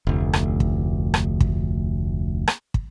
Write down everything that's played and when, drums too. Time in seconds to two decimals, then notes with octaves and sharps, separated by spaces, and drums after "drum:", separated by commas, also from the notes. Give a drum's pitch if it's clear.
0.07 F1 D2
0.33 drum: rim click
0.60 drum: kick
1.14 drum: rim click
1.40 drum: kick
2.48 drum: rim click
2.74 drum: kick